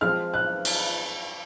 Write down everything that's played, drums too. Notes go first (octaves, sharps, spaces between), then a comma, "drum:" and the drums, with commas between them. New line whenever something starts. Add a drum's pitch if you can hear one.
F3 G#3 C4 F6
F#6
drum: cymbal